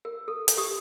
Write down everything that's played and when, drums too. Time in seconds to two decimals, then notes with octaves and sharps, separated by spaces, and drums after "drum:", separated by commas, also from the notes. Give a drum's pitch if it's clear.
0.05 A#4
0.28 A4
0.48 drum: hi-hat
0.57 G4 D#6